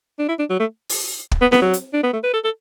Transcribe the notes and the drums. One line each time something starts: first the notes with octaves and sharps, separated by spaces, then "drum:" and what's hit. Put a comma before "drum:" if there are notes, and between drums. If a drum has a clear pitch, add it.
D4
E4
D4
F#3
A3
drum: open hi-hat
drum: kick
B3
B3, drum: snare C4
F#3
drum: hi-hat
D4
B3
A3
B4
A4
A4